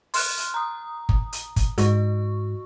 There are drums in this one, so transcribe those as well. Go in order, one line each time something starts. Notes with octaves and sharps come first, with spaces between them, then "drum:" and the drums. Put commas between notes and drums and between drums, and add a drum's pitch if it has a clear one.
C6 F6 F#6, drum: open hi-hat
drum: hi-hat
A#5 D#6
drum: kick G1
drum: hi-hat
drum: kick G1, hi-hat
G#2 F#4 C#6, drum: hi-hat